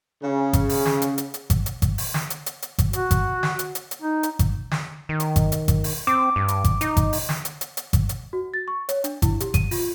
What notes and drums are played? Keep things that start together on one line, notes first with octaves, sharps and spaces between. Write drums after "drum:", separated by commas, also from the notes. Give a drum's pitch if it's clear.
C#3
drum: kick G#1, hi-hat
drum: open hi-hat
drum: snare
drum: hi-hat
drum: hi-hat
drum: hi-hat
drum: kick G#1, hi-hat
drum: hi-hat
drum: kick G#1, hi-hat
drum: open hi-hat
drum: snare
drum: hi-hat
drum: hi-hat
drum: hi-hat
drum: kick G#1, hi-hat
F#4, drum: hi-hat
drum: kick G#1, hi-hat
drum: snare
drum: hi-hat
drum: hi-hat
drum: hi-hat
D#4
drum: hi-hat
drum: kick G#1, hi-hat
drum: snare
D#3
drum: hi-hat
drum: kick G#1, hi-hat
drum: hi-hat
drum: kick G#1, hi-hat
drum: open hi-hat
C4 D6
G2
drum: hi-hat
drum: kick G#1, hi-hat
D#4, drum: hi-hat
drum: kick G#1, hi-hat
drum: open hi-hat
drum: snare
drum: hi-hat
drum: hi-hat
drum: hi-hat
drum: kick G#1, hi-hat
drum: hi-hat
F#4
A6
C#6
C#5, drum: hi-hat
D4, drum: hi-hat
E4, drum: kick G#1, hi-hat
G4, drum: hi-hat
D#7, drum: kick G#1, hi-hat
F4, drum: open hi-hat